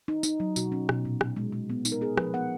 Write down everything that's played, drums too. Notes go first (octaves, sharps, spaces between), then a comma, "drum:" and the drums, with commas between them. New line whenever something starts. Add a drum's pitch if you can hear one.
D#4
D#4, drum: tambourine
F#3
B2 F#4, drum: tambourine
C#4
B2, drum: rim click
A#2
A#2, drum: rim click
G#3
G#3
B3
D#4, drum: tambourine
A#4
B3 G#4
F3 B4, drum: rim click
B3 F#5